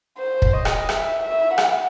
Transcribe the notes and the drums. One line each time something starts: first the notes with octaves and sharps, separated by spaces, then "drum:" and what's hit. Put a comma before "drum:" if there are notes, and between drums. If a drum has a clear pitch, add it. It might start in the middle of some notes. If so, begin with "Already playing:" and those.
C5
drum: kick
D#5
drum: rim click
E5, drum: rim click
E5
F#5, drum: rim click